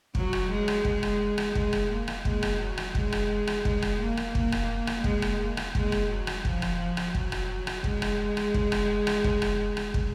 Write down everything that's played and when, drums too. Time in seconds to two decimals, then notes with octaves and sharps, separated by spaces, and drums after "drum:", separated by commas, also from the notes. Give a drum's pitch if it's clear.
0.15 F#3, drum: kick
0.33 drum: rim click
0.51 G#3
0.68 drum: rim click
0.85 G#3, drum: kick
1.03 drum: rim click
1.38 drum: rim click
1.55 G#3, drum: kick
1.73 drum: rim click
1.91 A#3
2.08 drum: rim click
2.25 G#3, drum: kick
2.43 drum: rim click
2.60 F#3
2.77 drum: rim click
2.95 G#3, drum: kick
3.12 drum: rim click
3.47 drum: rim click
3.65 G#3, drum: kick
3.82 drum: rim click
3.99 A#3
4.17 drum: rim click
4.35 A#3, drum: kick
4.52 drum: rim click
4.87 drum: rim click
5.04 G#3, drum: kick
5.22 drum: rim click
5.40 A#3
5.57 drum: rim click
5.75 G#3, drum: kick
5.92 drum: rim click
6.09 F#3
6.27 drum: rim click
6.45 F3, drum: kick
6.62 drum: rim click
6.79 F3
6.97 drum: rim click
7.15 F#3, drum: kick
7.32 drum: rim click
7.67 drum: rim click
7.84 G#3, drum: kick
8.02 drum: rim click
8.37 drum: rim click
8.54 drum: kick
8.72 drum: rim click
9.07 drum: rim click
9.24 drum: kick
9.42 drum: rim click
9.77 drum: rim click
9.94 drum: kick